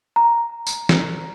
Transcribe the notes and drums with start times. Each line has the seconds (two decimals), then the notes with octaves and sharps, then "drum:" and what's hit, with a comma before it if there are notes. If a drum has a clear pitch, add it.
0.16 A#5
0.67 drum: tambourine
0.89 drum: snare